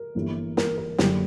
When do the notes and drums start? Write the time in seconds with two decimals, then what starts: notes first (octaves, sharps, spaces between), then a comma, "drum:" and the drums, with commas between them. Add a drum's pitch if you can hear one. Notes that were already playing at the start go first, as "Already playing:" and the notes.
Already playing: A#4
0.15 G1 G2 E3 A#3
0.57 A#4, drum: snare
0.78 A#4
0.98 F#1 F#2 D3 G3 A#3 G4, drum: snare